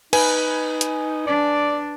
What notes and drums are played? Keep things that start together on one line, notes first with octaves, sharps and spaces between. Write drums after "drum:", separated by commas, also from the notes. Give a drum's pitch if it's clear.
D#4 B4 G#5, drum: cymbal
drum: hi-hat
D4 D5